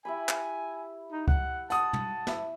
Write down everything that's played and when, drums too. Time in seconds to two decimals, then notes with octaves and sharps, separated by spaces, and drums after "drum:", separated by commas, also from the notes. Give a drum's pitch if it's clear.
0.05 E4 G4 G#5 B5
0.29 drum: clap
1.12 D#4
1.28 F#5, drum: kick C#2
1.70 F#5 A5 D#6, drum: hi-hat
1.93 drum: tom
2.27 E4, drum: snare